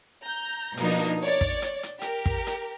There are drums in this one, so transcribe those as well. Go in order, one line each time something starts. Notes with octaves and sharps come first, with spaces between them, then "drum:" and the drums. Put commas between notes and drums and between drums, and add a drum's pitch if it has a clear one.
A#5 G6
B2 F3 A#3 D4 D#4, drum: hi-hat
drum: hi-hat
C#5 D5
drum: kick
drum: hi-hat
drum: hi-hat
G4 A#4, drum: hi-hat
drum: kick
drum: hi-hat